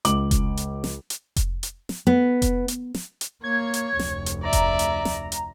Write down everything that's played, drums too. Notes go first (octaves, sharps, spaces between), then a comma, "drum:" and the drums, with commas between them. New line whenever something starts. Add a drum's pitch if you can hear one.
C#2 D6 F#7, drum: hi-hat
drum: kick F1, hi-hat
drum: hi-hat
drum: snare
drum: hi-hat
drum: kick F1, hi-hat
drum: hi-hat
drum: snare
B3
drum: kick F1, hi-hat
drum: hi-hat
drum: snare
drum: hi-hat
A#3 C#5 G#6
drum: hi-hat
F1 D2, drum: snare
drum: hi-hat
D5 E5 A#5
drum: kick F1, hi-hat
drum: hi-hat
drum: snare
drum: hi-hat